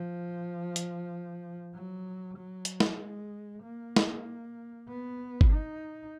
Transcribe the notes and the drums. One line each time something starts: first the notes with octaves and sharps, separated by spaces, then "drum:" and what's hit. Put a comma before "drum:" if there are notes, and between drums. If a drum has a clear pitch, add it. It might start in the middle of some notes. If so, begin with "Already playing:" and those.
Already playing: F3
drum: hi-hat
F#3
F#3
drum: hi-hat
drum: snare
G#3
A#3
drum: snare
B3
drum: kick
D#4